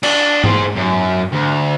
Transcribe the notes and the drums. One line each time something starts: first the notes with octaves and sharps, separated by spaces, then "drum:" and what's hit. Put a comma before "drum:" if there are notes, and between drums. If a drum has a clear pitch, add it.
D4, drum: cymbal
G#4 C5, drum: tom G#2
F#2
D2